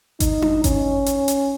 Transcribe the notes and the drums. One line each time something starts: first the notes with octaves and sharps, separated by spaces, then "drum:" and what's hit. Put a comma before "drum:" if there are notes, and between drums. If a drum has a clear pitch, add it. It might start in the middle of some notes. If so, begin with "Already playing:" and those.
D#4, drum: kick G#1, hi-hat
drum: tom D4
C#4, drum: kick G#1, hi-hat
drum: hi-hat
drum: hi-hat